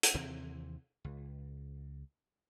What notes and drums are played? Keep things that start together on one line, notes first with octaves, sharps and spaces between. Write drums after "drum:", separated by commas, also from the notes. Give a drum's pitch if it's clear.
drum: hi-hat
D#2 C3 E3 C4
C#2